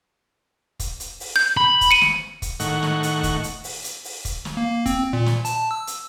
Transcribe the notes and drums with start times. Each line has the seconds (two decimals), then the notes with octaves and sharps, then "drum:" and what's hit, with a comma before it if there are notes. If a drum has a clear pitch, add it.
0.80 drum: kick, hi-hat
1.00 drum: hi-hat
1.20 drum: open hi-hat
1.36 G6
1.57 B5
1.81 drum: kick, hi-hat
1.91 C#7 D#7
2.01 drum: snare
2.42 drum: kick, hi-hat
2.60 A2 D#3 F#5 C#6, drum: hi-hat
2.83 drum: snare
3.03 drum: hi-hat
3.23 drum: kick, hi-hat
3.44 drum: hi-hat
3.64 drum: open hi-hat
3.84 drum: hi-hat
4.04 drum: open hi-hat
4.25 drum: kick, hi-hat
4.45 drum: snare
4.57 A#3
4.86 C4, drum: kick, hi-hat
5.13 A#2
5.26 drum: snare
5.45 A5, drum: hi-hat
5.71 E6
5.87 drum: hi-hat